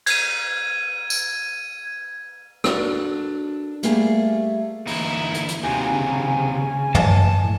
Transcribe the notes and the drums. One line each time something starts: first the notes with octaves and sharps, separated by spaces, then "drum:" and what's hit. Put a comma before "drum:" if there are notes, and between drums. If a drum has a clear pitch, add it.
G#6 D#7, drum: cymbal
drum: tambourine
D4 F#4 A4 A#4 D5, drum: rim click
G3 A3 A#3 G4 G#4, drum: hi-hat
D3 E3 A#3 D#4 E4, drum: open hi-hat
drum: hi-hat
drum: hi-hat
D#2 C3 D4 F#4 G4 G#5
C#3
A5, drum: tom
A2